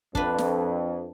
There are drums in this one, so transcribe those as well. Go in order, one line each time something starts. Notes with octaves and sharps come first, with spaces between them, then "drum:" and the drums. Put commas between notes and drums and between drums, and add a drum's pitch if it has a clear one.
F2 D4 B4, drum: kick
drum: snare